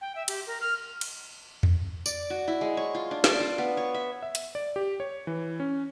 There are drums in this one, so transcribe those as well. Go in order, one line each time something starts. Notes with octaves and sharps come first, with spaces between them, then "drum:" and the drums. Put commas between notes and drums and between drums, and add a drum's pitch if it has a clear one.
G5
E5
G4, drum: cymbal
A#4
F6
drum: cymbal
drum: tom E2
D5, drum: tambourine
F#4
E4
G#3
C#5
F4
D4
D5, drum: snare
F4
B3
C#5
E5
E5
drum: hi-hat
D5
G4
C#5
E3
C#4